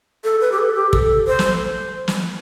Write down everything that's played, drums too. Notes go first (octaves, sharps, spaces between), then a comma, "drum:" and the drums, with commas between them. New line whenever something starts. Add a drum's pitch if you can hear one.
A4
B4
G4
A4
G4
A4, drum: kick
C5
drum: snare
drum: snare